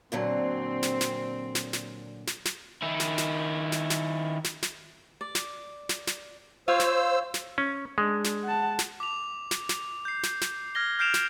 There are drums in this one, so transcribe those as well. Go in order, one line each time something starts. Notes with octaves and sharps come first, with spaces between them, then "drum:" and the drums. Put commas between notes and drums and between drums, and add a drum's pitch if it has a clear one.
A#2 D3 F#3 C4
drum: snare
drum: snare
drum: snare
drum: snare
drum: snare
drum: snare
D#3 E4
drum: snare
drum: snare
drum: snare
drum: snare
drum: snare
drum: snare
D5
drum: snare
drum: snare
drum: snare
F4 C5 C#5 F5 E6
drum: snare
drum: snare
C#4
G#3 D4
drum: snare
F#5 A5
drum: snare
D6 F7
drum: snare
drum: snare
G6 C7
drum: snare
drum: snare
F6 G#6 A#6 G7
F6 G6 C7 D7 E7 F7
drum: snare